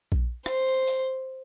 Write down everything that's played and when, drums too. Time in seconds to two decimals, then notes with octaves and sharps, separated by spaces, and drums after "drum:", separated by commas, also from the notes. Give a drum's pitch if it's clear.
0.12 drum: kick A#1
0.46 C5, drum: rim click
0.87 drum: open hi-hat